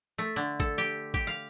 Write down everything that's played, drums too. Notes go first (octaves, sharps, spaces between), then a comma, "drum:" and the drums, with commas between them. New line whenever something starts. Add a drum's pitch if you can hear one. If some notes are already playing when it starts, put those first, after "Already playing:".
A3
D3
A4, drum: kick G#1
G4
G4, drum: kick G#1
F5